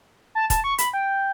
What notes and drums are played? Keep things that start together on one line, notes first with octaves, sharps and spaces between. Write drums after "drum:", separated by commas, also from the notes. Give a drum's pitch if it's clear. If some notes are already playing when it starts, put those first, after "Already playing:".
A5
A5, drum: kick, hi-hat
C#6
B5, drum: hi-hat
G5